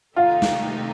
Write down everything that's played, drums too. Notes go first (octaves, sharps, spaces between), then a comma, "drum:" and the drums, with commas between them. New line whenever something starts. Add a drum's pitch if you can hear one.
C3 D#3 A3 D#4 F4 G4
drum: snare